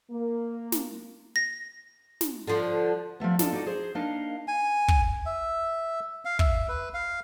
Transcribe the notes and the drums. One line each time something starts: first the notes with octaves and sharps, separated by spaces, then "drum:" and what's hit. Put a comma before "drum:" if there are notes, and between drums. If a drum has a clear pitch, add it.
A#3
drum: snare
A#6
drum: snare
D3 F3
F3 G3 A3 B3
D4 F4 A4 D5 D#5, drum: snare
D#4 F#4 A4 D5
G#4 C5
A#3 D4 D#4 A#4 D#5 F5
G#5
drum: kick
E5
F5
E5, drum: kick
B4
F5